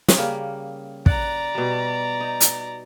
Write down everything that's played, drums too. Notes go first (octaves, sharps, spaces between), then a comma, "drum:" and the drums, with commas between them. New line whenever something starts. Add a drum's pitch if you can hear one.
drum: snare
C#3 G3 A#3
D5 F#5 A#5, drum: kick
B2 G3
D#4
drum: hi-hat